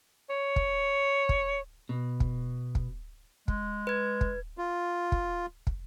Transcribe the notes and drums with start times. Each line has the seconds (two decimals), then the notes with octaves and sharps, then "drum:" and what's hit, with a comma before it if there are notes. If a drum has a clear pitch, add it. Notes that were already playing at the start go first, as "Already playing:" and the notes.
0.30 C#5
0.56 drum: kick
1.29 drum: kick
1.89 B2
2.20 drum: kick
2.75 drum: kick
3.48 G#3, drum: kick
3.87 B4 G#6
4.21 drum: kick
4.58 F4
5.12 drum: kick
5.67 drum: kick